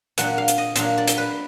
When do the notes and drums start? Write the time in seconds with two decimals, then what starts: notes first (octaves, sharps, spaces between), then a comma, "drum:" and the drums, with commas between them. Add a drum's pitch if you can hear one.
0.18 A#2 F#3 D4 F#5, drum: hi-hat
0.38 F5
0.48 drum: hi-hat
0.58 D#5
0.76 A#2 F#3 D4 F5, drum: hi-hat
0.98 D5
1.07 drum: hi-hat
1.18 B4